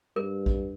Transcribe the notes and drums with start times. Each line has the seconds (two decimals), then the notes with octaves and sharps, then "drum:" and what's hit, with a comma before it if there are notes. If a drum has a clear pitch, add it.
0.16 G2 A#4
0.46 drum: kick A#1